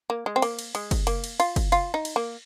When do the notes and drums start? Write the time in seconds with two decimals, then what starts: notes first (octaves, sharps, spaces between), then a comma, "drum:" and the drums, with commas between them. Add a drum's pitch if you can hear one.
0.10 A#3
0.26 G#3
0.36 C4
0.42 A#3, drum: cymbal
0.59 drum: cymbal
0.75 G#3, drum: cymbal
0.91 drum: kick, cymbal
1.07 A#3, drum: cymbal
1.24 drum: cymbal
1.40 F4, drum: cymbal
1.56 drum: kick, cymbal
1.72 F4, drum: cymbal
1.94 D#4
2.05 drum: cymbal
2.16 A#3